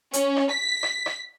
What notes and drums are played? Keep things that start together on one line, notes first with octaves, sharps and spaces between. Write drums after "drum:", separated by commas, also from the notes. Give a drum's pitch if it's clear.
C#4, drum: hi-hat
drum: rim click
B6
drum: rim click
drum: rim click